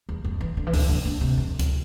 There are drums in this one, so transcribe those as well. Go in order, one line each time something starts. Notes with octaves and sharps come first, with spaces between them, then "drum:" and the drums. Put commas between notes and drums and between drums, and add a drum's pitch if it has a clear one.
E2
F2
E3
D3
E3
D3, drum: kick C#2, open hi-hat
D3
D3
C3
F2
drum: kick C#2, hi-hat